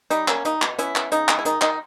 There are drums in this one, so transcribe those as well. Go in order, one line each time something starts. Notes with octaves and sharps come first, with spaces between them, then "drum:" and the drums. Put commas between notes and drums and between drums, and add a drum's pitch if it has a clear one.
G3 D#4, drum: hi-hat
A#3 C#4, drum: clap
G3 D#4, drum: hi-hat
B2, drum: clap
B3 C#4 E4, drum: hi-hat
B3, drum: clap
C#3 D#4, drum: hi-hat
G#3, drum: clap
E4
D#3 D#4, drum: hi-hat
D#3 D#4, drum: clap